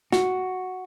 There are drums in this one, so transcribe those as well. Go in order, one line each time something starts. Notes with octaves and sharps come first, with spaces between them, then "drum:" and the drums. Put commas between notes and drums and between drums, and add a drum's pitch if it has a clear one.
F#4, drum: snare